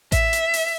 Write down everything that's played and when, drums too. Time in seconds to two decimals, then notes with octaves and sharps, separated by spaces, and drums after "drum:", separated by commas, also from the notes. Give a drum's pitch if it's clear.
0.12 E5, drum: kick A1, hi-hat
0.33 drum: hi-hat
0.54 drum: open hi-hat